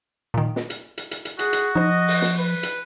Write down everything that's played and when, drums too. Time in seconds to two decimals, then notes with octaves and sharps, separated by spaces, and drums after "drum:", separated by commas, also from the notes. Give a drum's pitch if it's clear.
0.34 A#2 D#3
0.56 drum: snare
0.70 drum: hi-hat
0.98 drum: hi-hat
1.11 drum: hi-hat
1.25 drum: hi-hat
1.39 F#4 G#4, drum: hi-hat
1.53 drum: hi-hat
1.75 F3 D#4 C5 D#5
2.08 drum: open hi-hat
2.22 drum: snare
2.39 B4
2.63 drum: hi-hat